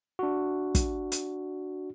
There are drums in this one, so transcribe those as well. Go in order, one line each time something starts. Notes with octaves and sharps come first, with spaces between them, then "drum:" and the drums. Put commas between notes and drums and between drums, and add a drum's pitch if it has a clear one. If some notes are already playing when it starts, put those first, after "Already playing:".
D4 F#4
drum: kick, hi-hat
drum: hi-hat